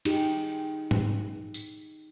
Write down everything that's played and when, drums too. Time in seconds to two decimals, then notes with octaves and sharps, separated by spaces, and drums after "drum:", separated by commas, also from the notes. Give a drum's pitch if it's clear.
0.05 D#4 G4 G#4, drum: cymbal
0.91 drum: tom G#2
1.54 drum: tambourine